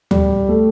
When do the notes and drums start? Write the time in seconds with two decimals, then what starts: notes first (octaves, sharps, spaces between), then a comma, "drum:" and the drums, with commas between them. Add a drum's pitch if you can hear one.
0.11 G3, drum: tom D2
0.49 A3